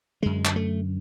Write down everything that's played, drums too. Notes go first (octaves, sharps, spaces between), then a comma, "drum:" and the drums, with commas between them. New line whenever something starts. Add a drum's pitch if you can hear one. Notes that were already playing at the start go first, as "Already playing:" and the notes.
F#2 D3 G#3
drum: clap
A3